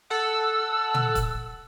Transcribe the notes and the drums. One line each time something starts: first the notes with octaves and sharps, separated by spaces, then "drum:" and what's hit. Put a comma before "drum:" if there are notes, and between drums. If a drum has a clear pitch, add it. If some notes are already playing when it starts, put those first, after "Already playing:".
A4 F#5 E6
drum: tom
drum: kick, hi-hat